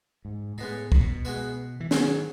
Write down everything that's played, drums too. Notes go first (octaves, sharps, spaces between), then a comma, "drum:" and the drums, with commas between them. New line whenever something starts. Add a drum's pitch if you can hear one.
G#2
A2 G#3 B3 D#4
B2, drum: kick
G#3 B3 F#4 B4 E5
E3
G#2 D#3 F#3 C#4 G#4 B4, drum: snare